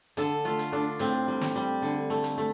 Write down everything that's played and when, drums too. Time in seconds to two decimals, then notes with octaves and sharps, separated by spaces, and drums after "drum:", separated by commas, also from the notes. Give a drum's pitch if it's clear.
0.17 D3 A4, drum: hi-hat
0.45 A3 F4
0.59 drum: hi-hat
0.72 A3 D4
0.99 A2 C4, drum: hi-hat
1.28 G3
1.41 drum: snare
1.56 G3
1.82 D3
2.10 A3
2.24 drum: hi-hat
2.38 A3